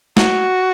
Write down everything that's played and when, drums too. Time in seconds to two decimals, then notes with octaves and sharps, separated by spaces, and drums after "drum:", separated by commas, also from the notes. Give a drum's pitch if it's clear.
0.17 F#4, drum: snare